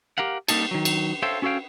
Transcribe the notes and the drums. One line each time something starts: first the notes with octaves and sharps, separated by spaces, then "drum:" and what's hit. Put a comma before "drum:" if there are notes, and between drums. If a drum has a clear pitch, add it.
G4 A#4 F5 F#5
G3 A#3 D#4 G#4 A4, drum: cymbal
D#3 F#3
drum: cymbal
A4 C5 C#5 E5 F5 G5
C#4 F#4 A4 C#5 F5 G5